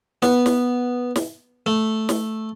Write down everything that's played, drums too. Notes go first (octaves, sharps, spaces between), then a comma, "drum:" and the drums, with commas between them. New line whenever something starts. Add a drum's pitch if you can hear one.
B3, drum: snare
drum: snare
drum: snare
A3
drum: snare